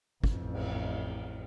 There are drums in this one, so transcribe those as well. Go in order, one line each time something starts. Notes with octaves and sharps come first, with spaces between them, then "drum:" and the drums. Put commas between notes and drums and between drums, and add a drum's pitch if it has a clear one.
A1 F2, drum: kick
drum: cymbal